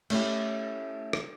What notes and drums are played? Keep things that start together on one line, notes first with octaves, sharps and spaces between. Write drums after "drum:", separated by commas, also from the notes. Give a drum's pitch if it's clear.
A3 C#4 E4 G4, drum: cymbal
drum: rim click